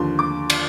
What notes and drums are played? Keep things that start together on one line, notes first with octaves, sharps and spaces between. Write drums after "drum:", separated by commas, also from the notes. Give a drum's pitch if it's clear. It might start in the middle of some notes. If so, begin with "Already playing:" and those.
Already playing: D#2 D3 F3 C6
D6
drum: cymbal